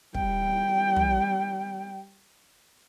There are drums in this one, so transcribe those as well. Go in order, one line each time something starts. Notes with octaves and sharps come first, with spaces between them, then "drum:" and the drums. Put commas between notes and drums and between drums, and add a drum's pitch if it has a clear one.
G3 G5, drum: kick
drum: tom